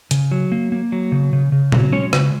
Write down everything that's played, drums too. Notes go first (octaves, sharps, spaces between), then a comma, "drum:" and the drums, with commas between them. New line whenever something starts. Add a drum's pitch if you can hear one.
C#3, drum: hi-hat
F#3
A#3
A#3
F#3
C#3
C#3
C#3
F#3, drum: tom A#2
G#3 C#4 C#5
C#3, drum: rim click